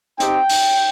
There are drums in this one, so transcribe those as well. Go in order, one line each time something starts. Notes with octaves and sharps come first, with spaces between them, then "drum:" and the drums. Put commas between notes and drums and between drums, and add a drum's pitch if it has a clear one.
C4 D#4 G4 G5, drum: hi-hat
drum: open hi-hat